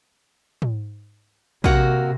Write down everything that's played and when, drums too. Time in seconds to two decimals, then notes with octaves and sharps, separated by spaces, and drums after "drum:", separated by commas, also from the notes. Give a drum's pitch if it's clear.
0.62 drum: tom
1.64 C3 A#3 F#4, drum: kick